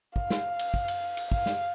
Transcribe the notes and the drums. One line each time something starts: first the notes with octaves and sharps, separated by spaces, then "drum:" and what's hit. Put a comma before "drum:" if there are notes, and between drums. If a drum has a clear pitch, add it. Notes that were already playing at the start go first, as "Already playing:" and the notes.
F5, drum: kick
drum: snare
drum: cymbal
drum: kick
drum: cymbal
drum: cymbal
F5, drum: kick
drum: snare